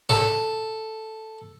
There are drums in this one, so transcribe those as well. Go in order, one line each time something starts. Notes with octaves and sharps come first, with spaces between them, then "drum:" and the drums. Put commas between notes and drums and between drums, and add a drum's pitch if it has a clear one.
A4, drum: snare